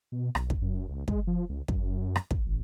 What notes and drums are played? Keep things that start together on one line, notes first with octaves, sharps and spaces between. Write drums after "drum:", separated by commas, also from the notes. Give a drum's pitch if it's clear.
B2
B1, drum: rim click
drum: kick
F#2
C#2
G#3, drum: kick
F3
C#2
F#2, drum: kick
drum: rim click
drum: kick
A1